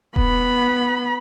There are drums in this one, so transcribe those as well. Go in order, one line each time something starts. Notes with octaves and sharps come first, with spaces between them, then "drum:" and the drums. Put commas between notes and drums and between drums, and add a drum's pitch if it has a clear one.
B3 B5, drum: kick E1